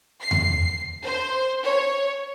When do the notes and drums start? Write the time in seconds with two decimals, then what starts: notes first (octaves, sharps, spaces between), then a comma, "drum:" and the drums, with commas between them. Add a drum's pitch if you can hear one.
0.21 C7
0.31 drum: tom E2
1.05 C5
1.64 C#5